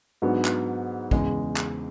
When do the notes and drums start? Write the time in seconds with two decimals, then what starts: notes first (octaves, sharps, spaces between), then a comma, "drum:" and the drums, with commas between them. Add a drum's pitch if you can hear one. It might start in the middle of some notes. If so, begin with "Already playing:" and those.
0.22 G#2 F#3 B3 D4 F#4
0.45 drum: clap
1.11 E2 C#3 G#3, drum: kick
1.56 drum: clap